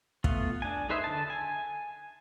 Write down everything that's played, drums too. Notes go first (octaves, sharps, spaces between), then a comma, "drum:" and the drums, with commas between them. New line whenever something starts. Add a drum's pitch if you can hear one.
A3 B3 F4, drum: kick
D4 G#5
D#4 G#4 B4 C5 E5
D3 A5
G#5